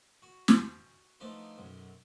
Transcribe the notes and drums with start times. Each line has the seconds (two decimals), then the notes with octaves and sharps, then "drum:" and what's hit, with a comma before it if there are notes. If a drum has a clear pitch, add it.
0.22 F#4
0.48 drum: snare
1.20 F3 A3 B3 D4 D#4
1.57 B1 F#2